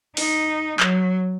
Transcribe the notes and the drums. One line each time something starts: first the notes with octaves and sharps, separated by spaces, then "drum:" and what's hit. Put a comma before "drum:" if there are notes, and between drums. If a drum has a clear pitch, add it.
D#4, drum: open hi-hat
F#3, drum: clap